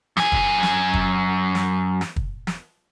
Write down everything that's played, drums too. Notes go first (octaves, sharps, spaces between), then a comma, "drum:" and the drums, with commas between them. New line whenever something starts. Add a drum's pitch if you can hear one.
F#2 G#5, drum: snare
drum: kick
drum: snare
drum: kick
drum: snare
drum: snare
drum: kick
drum: snare